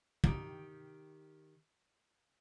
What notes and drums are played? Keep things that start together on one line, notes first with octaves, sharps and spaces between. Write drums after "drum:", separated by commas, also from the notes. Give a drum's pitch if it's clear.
D#3 G4, drum: kick